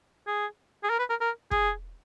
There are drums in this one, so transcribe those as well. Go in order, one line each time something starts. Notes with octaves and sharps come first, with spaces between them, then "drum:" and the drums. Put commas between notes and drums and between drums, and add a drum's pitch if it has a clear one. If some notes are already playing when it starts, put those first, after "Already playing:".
G#4
G#4
A#4
B4
A#4
A#4
G#4, drum: kick